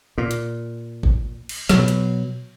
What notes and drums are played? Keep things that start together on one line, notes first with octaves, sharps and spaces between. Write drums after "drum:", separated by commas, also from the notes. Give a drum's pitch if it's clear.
A#2
drum: hi-hat
drum: kick G#1
drum: cymbal
B2 F#3, drum: snare
drum: hi-hat